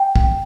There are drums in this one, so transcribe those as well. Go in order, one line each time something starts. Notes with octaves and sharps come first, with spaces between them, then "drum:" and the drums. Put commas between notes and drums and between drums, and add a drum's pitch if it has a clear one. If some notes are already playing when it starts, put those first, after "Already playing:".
Already playing: G5
drum: kick